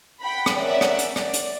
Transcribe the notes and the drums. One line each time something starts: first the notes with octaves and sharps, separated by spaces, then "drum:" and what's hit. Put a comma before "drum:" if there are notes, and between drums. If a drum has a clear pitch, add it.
F#5 G5 B5
drum: rim click
C#4 A#4 D5 E5 F#5
drum: rim click
drum: hi-hat
D5, drum: rim click
drum: hi-hat